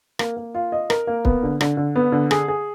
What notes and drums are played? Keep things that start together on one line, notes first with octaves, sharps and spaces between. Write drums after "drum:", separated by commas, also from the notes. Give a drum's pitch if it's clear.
A#3, drum: rim click
A#3
F4
D#5
A#4, drum: rim click
A#3
B3, drum: kick
D3
D3, drum: rim click
D3
B3
D3
G#4, drum: rim click
G#4